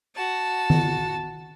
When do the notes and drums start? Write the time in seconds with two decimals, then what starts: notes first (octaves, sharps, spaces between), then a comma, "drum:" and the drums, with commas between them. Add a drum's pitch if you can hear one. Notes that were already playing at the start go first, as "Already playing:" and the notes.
0.15 F#4 A5
0.70 drum: tom D#3